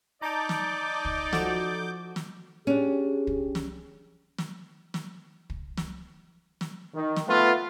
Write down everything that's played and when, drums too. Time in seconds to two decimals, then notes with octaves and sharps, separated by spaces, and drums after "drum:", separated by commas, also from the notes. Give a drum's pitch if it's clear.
0.22 D#4 D5 A5 A#5 D6 G6
0.49 drum: snare
1.05 drum: kick
1.33 F3 F#4 A4, drum: snare
2.16 drum: snare
2.67 C#4 D4 G4 G#4
3.27 drum: kick
3.55 drum: snare
4.38 drum: snare
4.94 drum: snare
5.50 drum: kick
5.77 drum: snare
6.61 drum: snare
6.94 D#3
7.16 drum: snare
7.28 A3 B3 F4